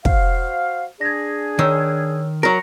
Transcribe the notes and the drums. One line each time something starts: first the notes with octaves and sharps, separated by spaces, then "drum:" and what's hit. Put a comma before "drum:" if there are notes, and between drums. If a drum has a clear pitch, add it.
F#4 C5 F5, drum: kick
D4 G#4 G#6 A#6
D#3 C#5 E6
F#3 A#4 A#6